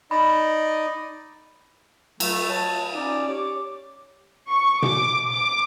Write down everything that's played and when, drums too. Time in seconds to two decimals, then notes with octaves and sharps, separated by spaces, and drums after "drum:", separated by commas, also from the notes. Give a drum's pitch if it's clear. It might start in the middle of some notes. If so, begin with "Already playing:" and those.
0.11 D#4 D5 D#5 B5
2.20 F#3 A3, drum: cymbal
2.50 C#5 A5
2.94 C#4 D#4 D5
3.28 G4 C#5 D6
4.49 C#6
4.82 D6, drum: tom B2
5.31 D6